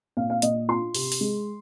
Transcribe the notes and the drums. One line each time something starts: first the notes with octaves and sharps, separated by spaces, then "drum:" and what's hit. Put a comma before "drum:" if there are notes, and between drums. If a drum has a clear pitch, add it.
A#2 F5
F5
A#2 D#5, drum: hi-hat
F4 C6
C3, drum: open hi-hat
drum: open hi-hat
G#3